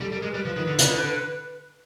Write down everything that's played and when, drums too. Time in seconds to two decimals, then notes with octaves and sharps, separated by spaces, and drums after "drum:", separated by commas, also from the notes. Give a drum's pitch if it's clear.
0.01 G3 A4
0.12 G3
0.16 A#4
0.22 G#3
0.31 G3 B4
0.45 F3
0.56 D#3
0.68 D3
0.79 C#3, drum: hi-hat
0.89 D3